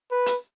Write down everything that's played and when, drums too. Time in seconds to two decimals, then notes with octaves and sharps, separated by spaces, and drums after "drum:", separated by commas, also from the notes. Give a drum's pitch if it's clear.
0.11 B4
0.26 drum: hi-hat